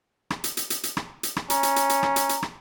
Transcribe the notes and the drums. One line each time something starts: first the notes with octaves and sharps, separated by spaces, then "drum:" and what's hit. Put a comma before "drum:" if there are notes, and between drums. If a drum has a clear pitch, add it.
drum: rim click
drum: hi-hat
drum: hi-hat
drum: hi-hat
drum: hi-hat
drum: rim click
drum: hi-hat
drum: rim click
C#4 A#5, drum: hi-hat
drum: hi-hat
drum: hi-hat
drum: hi-hat
drum: rim click
drum: hi-hat
drum: hi-hat
drum: rim click